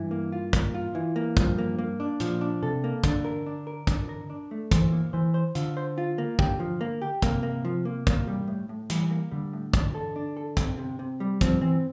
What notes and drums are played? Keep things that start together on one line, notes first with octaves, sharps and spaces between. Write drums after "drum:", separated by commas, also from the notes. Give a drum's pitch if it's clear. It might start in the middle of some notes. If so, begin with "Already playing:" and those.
Already playing: G2 E3
A#3
F4
A#3, drum: kick, hi-hat
F4
E3
A#3
G2 F3, drum: kick, hi-hat
A#3
A#3
D4
A#2 F3, drum: hi-hat
D4
C3 A4
A#3
D3 D4, drum: kick, hi-hat
A#4
D4
A#4
D4, drum: kick, hi-hat
A#4
D4
A3
E3 C5, drum: kick, hi-hat
A#3
E3 C5
C5
D3 F4, drum: hi-hat
C5
F4
A#3
D3 G4, drum: kick
F3
A#3
G4
C3 A#3, drum: kick, hi-hat
A#3
F3
A#3
A#3, drum: kick, hi-hat
G3
A2
A2
E3 G3, drum: hi-hat
A#3
D3 G3
A2
D4, drum: kick, hi-hat
A4
D4
A4
C3, drum: kick, hi-hat
C3
C3
G3
F3 C4, drum: kick, hi-hat
E3 C4